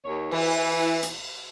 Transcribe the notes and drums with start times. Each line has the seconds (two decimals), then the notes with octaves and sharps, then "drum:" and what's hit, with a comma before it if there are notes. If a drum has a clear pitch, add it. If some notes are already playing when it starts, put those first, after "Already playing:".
0.05 D#2 C#5
0.31 E3, drum: cymbal
1.03 drum: hi-hat